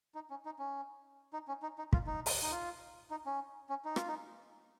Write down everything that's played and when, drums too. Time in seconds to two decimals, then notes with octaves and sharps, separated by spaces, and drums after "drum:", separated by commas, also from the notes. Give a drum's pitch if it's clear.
0.15 D#4
0.30 C#4
0.45 D#4
0.59 C#4
1.33 D#4
1.48 C#4
1.62 D#4
1.78 D#4
1.93 F4, drum: kick
2.07 D#4
2.26 drum: open hi-hat
2.43 D#4
2.52 F4
3.11 D#4
3.26 C#4
3.69 C#4
3.85 D#4
3.96 F4, drum: rim click
4.08 D#4